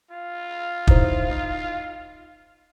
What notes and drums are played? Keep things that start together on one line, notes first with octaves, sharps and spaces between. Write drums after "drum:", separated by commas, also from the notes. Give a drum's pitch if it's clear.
F4
D#4 E4 C5, drum: kick
D#4